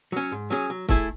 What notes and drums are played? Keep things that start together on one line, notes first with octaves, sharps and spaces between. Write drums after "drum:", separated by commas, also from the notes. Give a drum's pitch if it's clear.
F#3 C#4
G#2
F#3 C#4 G#4
F#3
A3 E4 G#4, drum: kick